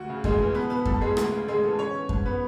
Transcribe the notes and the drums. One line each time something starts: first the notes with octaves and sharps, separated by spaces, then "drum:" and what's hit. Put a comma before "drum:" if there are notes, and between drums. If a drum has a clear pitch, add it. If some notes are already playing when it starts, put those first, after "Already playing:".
Already playing: D2 F#4
C#3
D2 G#3 G#4, drum: kick F#2
E3
B2 B3 B4
B2 B3 B4
E2 A3 A4, drum: kick F#2
E2 G#3 G#4
D2, drum: rim click
C#3
D2 G#3 G#4
E3 A3 A4
E3 C#4 C#5
E3
G#2, drum: kick F#2
B3 B4